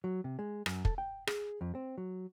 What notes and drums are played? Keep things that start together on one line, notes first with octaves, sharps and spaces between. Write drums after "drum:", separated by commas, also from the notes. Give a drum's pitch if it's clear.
F#3
C3
G#3
F#2, drum: rim click
A4, drum: kick
G5
G#4, drum: rim click
F2
C4
F#3